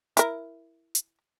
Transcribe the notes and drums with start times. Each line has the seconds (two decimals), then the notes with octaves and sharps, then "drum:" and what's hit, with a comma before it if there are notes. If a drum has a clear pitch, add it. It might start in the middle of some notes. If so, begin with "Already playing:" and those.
0.17 E4 A#4, drum: hi-hat
0.95 drum: hi-hat